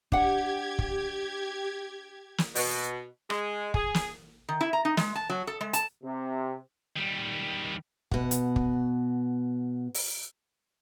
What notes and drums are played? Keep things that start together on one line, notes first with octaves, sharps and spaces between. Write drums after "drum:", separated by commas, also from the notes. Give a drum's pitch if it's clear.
D4 G4 F#5 G#6, drum: kick
drum: kick
drum: snare
B2, drum: open hi-hat
G#3, drum: rim click
G#4, drum: kick
drum: snare
D#3
E4
A#5
D#4
G#3, drum: snare
A5
F#3
A4
G#3
A5, drum: hi-hat
C3
D#3 G3
B2 F#5, drum: kick
drum: hi-hat
drum: kick
drum: open hi-hat